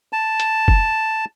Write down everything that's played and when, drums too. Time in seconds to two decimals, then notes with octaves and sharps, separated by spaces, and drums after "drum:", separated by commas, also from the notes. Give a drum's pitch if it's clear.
0.13 A5
0.40 drum: hi-hat
0.68 drum: kick